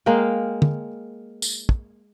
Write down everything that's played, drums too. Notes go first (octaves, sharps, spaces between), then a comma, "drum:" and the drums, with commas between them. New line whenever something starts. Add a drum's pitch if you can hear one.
G#3 A#3 F5 G5
drum: tom
drum: tambourine
drum: kick